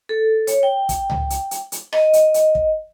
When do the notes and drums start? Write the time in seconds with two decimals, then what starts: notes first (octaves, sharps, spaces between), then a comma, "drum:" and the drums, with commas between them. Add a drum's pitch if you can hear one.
0.09 A4
0.47 C#5, drum: hi-hat
0.63 G5
0.89 drum: kick, hi-hat
1.10 drum: tom C#2
1.30 drum: hi-hat
1.51 drum: hi-hat
1.72 drum: hi-hat
1.93 D#5, drum: rim click
2.13 drum: hi-hat
2.34 drum: hi-hat
2.55 drum: kick